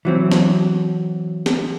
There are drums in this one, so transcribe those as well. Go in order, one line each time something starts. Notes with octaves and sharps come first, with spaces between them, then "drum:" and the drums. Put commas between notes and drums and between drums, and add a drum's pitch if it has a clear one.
E3 F#3 C4
drum: snare
drum: snare